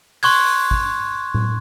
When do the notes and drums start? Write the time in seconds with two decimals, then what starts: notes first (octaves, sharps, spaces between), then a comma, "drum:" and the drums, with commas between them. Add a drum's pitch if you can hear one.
0.23 C6 C#6 F#6 G#6, drum: open hi-hat
0.71 drum: kick
1.34 drum: tom A2